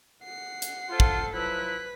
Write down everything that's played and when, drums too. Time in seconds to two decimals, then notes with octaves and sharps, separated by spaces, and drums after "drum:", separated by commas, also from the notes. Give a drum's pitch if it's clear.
0.24 F#5 C7
0.62 drum: hi-hat
0.90 F4 A4 C5
1.00 drum: kick
1.34 F3 F#3 E4 B4 F#6 B6